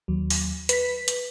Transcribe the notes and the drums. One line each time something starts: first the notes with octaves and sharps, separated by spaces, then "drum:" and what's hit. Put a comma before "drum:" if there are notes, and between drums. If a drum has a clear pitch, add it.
D#2 F#3
drum: open hi-hat
B4 B6, drum: hi-hat
drum: hi-hat